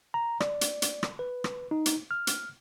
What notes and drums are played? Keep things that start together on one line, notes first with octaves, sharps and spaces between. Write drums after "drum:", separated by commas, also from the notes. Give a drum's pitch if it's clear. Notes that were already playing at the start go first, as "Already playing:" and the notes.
A#5
D5, drum: rim click
drum: hi-hat
drum: hi-hat
drum: rim click
B4
drum: rim click
D#4
drum: hi-hat
F6
drum: hi-hat